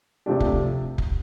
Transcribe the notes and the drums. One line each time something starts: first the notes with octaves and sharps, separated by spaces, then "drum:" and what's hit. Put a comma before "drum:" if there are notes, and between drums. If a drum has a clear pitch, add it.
C3 F3 A3 D4 G4
drum: kick F1
drum: kick F1